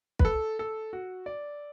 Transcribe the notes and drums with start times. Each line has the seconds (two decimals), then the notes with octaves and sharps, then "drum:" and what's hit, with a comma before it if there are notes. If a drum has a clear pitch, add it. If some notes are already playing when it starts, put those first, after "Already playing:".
0.19 B4, drum: kick
0.25 A4
0.59 A4
0.93 F#4
1.26 D5